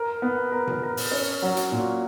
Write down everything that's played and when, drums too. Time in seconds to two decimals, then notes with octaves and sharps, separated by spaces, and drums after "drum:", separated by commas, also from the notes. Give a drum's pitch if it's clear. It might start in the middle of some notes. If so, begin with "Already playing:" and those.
Already playing: A#4
0.22 B3
0.52 A#4
0.67 drum: tom A#2
0.83 A#4
0.97 drum: open hi-hat
1.11 C#4
1.42 F#3
1.57 drum: hi-hat
1.72 A#2